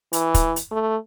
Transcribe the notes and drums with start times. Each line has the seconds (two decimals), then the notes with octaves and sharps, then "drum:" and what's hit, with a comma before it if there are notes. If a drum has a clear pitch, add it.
0.13 E3, drum: hi-hat
0.34 drum: kick, hi-hat
0.56 drum: hi-hat
0.71 A3